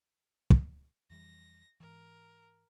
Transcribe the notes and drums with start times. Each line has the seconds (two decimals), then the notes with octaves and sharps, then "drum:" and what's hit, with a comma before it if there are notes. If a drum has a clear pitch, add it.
0.50 drum: kick
1.10 F2 E3 G3 A#6
1.80 G#2 E3 A#4